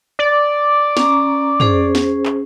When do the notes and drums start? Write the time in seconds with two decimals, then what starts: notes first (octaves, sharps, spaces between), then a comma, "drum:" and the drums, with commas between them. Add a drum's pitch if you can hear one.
0.19 D5
0.97 C#4 A#5, drum: snare
1.60 C#4 G#4 C5, drum: tom
1.95 drum: snare
2.25 drum: clap